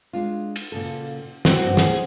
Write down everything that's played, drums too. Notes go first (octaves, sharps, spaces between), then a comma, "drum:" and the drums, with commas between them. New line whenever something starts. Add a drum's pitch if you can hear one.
G#3 D4 F4
drum: cymbal
A#2 C#3 A4
G#2 E3 C4 F#4 C5, drum: snare
G2 A#3
A3 C4 G#4, drum: snare